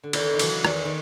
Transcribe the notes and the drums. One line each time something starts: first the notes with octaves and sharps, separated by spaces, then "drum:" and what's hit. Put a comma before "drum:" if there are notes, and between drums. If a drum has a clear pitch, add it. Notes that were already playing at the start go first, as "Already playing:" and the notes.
D3
E2 D#3, drum: cymbal
D#3
C#3 E3 F#3, drum: cymbal
E2 D#3, drum: rim click
D#3